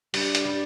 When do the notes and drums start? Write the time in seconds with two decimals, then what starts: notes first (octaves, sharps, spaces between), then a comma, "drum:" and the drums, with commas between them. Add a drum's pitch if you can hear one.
0.14 G2 G3, drum: open hi-hat
0.35 drum: hi-hat
0.45 G3